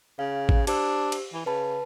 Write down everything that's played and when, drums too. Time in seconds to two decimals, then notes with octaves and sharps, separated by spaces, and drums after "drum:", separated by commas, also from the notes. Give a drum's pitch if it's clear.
0.19 C#3 F5
0.49 drum: kick
0.67 D4 G4 C5 E6, drum: cymbal
1.12 drum: cymbal
1.33 E3
1.46 C#3 B4 A5 B5